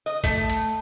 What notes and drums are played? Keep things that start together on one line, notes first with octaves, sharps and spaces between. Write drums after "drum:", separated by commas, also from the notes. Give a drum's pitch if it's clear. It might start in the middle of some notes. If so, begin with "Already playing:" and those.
D#5
A3, drum: kick, hi-hat
drum: hi-hat